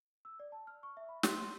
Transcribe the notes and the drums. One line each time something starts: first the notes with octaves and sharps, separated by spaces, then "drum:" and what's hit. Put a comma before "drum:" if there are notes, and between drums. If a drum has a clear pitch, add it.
E6
D5
A5
F6
C#6
E5
B5
C6, drum: snare
C6